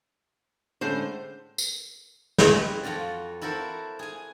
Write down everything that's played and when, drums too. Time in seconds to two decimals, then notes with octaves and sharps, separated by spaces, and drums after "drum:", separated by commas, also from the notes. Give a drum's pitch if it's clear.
0.81 A2 D3 G#3 C#4 C5
1.58 drum: tambourine
2.38 C4 C#4 G4 B4 G#5, drum: snare
2.83 F2 F4 F#4 D5
3.42 E4 F#4 A4 A#4 C5
3.99 G#4 G#5